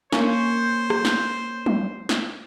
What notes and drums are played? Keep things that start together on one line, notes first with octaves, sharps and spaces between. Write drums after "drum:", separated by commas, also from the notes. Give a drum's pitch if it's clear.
A#3 C#4 C5, drum: snare
drum: rim click
drum: snare
drum: tom
drum: snare